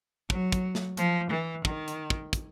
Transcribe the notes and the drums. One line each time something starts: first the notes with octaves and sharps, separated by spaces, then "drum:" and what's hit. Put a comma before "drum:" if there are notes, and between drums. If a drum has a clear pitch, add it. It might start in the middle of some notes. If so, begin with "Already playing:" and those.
F#3, drum: kick
drum: kick, hi-hat
drum: snare
F3, drum: hi-hat
E3
D#3, drum: kick
drum: hi-hat
drum: kick
drum: kick, hi-hat